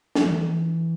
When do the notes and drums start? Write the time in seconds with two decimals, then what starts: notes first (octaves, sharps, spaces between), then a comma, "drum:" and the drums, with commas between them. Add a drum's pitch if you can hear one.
0.15 F3, drum: snare
0.26 D#3
0.31 E3